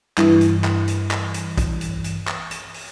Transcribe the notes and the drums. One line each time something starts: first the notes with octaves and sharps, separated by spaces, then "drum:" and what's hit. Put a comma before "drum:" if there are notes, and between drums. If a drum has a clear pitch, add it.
G2 E3, drum: clap
drum: hi-hat
drum: clap
drum: hi-hat
drum: clap
drum: hi-hat
drum: kick, hi-hat
drum: hi-hat
drum: hi-hat
drum: clap
drum: hi-hat
drum: open hi-hat